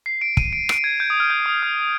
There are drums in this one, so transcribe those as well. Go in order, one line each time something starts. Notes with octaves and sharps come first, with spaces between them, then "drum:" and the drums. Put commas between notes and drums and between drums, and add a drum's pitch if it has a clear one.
C7
D7
D#7, drum: kick
D7
D7, drum: rim click
G#6
G6
D#6
F6
G6
D#6
F6